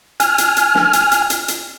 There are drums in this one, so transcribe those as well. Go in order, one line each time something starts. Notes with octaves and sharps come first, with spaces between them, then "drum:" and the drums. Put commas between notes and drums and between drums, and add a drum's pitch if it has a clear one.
G#5 F6, drum: hi-hat
drum: hi-hat
drum: hi-hat
drum: snare
drum: hi-hat
drum: hi-hat
drum: hi-hat
drum: hi-hat